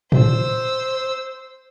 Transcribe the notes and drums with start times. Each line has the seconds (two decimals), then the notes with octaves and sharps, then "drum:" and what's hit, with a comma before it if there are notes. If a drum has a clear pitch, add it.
0.12 C5 E6, drum: tom A2